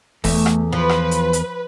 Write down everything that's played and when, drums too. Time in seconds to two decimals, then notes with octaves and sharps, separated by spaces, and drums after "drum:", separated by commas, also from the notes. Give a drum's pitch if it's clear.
0.24 E2 A3, drum: kick E1, open hi-hat
0.46 drum: rim click
0.72 F3 B4
0.89 drum: rim click
1.11 drum: hi-hat
1.33 drum: hi-hat